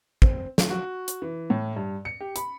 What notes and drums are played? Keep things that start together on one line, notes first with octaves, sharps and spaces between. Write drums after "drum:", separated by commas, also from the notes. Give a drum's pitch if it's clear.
C4, drum: kick
A3, drum: snare
F#4
drum: hi-hat
E3
A2
G2
C#7
G4
B5, drum: hi-hat